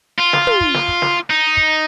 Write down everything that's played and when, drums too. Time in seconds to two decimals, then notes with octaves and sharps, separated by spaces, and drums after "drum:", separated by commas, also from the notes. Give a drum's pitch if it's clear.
0.20 F4
0.33 drum: snare
0.47 drum: tom
0.61 drum: kick
0.74 drum: snare
0.88 drum: kick
1.02 drum: snare
1.30 D#4
1.57 drum: kick